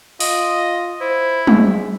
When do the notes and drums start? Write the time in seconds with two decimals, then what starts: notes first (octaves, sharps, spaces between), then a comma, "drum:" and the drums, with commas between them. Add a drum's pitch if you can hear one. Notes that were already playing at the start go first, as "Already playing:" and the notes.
0.20 F4 D#5, drum: open hi-hat
1.01 E4 C5
1.47 G#3, drum: tom